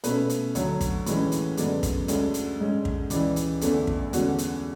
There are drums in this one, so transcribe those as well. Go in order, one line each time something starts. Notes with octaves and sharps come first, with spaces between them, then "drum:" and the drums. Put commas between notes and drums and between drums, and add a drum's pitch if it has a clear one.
B2 A3 C#4 B4, drum: hi-hat
drum: hi-hat
D2 D3 F#3 C#5, drum: hi-hat
drum: kick, hi-hat
A2 E3 G#3 C#4, drum: hi-hat
drum: hi-hat
F#2 D3 G#3 B3 D5, drum: hi-hat
drum: kick, hi-hat
D2 D3 G#3 C#4, drum: hi-hat
drum: hi-hat
G#2 G#3 C#4
drum: kick
C#2 C#3 E3 D5, drum: hi-hat
drum: hi-hat
E2 D3 A3 C#4, drum: hi-hat
drum: kick
E2 D3 G#3 C#4 F#4, drum: hi-hat
drum: hi-hat